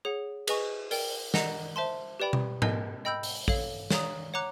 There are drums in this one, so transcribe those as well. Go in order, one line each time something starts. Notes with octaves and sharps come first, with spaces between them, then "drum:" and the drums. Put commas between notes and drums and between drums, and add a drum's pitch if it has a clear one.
G#4 C#5 F#5
G#4 B4 D#5 G#5 C#6, drum: cymbal
A#4 D5 G5, drum: open hi-hat
A#4 D#5 F#5 A#5, drum: snare
C5 E5 A5 C6
G4 B4 D5 G5 B5
drum: tom B2
A#4 D#5 G#5, drum: tom G#2
D#5 G5 B5 E6 G6
drum: open hi-hat
A4 C#5 F5, drum: kick
C#5 F5 A#5 D#6, drum: snare
C#5 F#5 A#5 D6 F#6